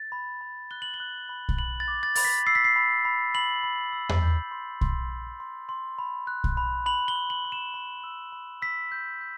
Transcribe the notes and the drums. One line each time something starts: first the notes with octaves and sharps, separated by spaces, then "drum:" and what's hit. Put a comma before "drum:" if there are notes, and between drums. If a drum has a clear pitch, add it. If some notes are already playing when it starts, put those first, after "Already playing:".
Already playing: A6
B5
B5
F#6 G7
F#7
G7
F#6
B5
drum: kick
B5 F#7
A6
D6
A6
B5 A6, drum: open hi-hat
B6
E6 C7
B6
C7
B5
B5
B5 F#7
B5
E6
drum: tom E2
G6
C6
C6, drum: kick
C6
C6
C6
B5
F#6
drum: kick
B5
B5 F#7
G7
F#6
F#7
B5
E7
B5
E6
B5
E6 B6
G6
G6